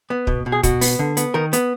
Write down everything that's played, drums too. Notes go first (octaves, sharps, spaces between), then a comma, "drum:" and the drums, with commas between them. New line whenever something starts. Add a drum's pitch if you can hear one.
B3
B2, drum: kick
B2
G#4
B2 F#4, drum: kick, hi-hat
B3, drum: open hi-hat
D3
B3, drum: hi-hat
D#3 A#4
B3, drum: hi-hat